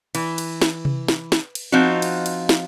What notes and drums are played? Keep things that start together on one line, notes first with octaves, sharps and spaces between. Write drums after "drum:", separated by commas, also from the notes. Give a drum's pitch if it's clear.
E3, drum: cymbal
drum: cymbal
drum: snare
drum: tom C3
drum: snare
drum: snare
drum: cymbal
F3 C4 D#4 F4 F#4
drum: cymbal
drum: cymbal
drum: snare